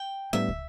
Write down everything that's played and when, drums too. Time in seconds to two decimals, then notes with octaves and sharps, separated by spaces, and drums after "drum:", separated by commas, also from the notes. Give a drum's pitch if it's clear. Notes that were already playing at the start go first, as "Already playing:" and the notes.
Already playing: G5
0.33 A2 G3 B3 D4 E5
0.48 drum: kick